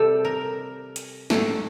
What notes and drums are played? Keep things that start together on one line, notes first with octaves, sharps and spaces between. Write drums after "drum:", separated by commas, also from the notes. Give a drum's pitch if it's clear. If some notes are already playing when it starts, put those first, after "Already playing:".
Already playing: C3 G3 G4 A4
A#4
drum: hi-hat
A2 F#3 A3, drum: snare